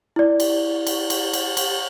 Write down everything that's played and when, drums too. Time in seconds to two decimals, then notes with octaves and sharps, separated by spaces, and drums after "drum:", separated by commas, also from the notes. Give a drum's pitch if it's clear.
0.16 E4 D5
0.40 drum: cymbal
0.87 drum: cymbal
1.10 drum: cymbal
1.33 drum: cymbal
1.57 drum: cymbal